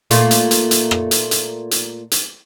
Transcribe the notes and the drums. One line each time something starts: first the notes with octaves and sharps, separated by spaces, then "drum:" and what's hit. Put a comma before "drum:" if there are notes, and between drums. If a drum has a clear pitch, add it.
A#2 A3 F4, drum: hi-hat
drum: hi-hat
drum: hi-hat
drum: hi-hat
drum: rim click
drum: hi-hat
drum: hi-hat
drum: hi-hat
drum: hi-hat